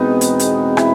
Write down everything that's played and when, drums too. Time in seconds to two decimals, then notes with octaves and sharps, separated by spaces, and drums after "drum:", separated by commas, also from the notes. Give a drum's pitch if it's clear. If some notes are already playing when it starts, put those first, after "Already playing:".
Already playing: E2 B2 G#3 B3 C4 D#4
0.21 drum: hi-hat
0.39 drum: hi-hat
0.77 E4, drum: rim click